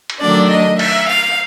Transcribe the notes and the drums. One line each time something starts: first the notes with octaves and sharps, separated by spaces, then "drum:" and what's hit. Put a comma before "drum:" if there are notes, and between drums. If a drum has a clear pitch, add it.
drum: cymbal
D#3 F#3 A3 D4 D5
D#5
E5, drum: cymbal
F5